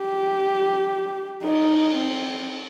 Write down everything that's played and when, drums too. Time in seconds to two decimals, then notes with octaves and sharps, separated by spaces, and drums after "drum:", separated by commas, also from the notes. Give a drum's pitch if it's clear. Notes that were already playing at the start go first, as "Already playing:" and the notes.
Already playing: G4
1.43 D#4, drum: cymbal
1.95 C4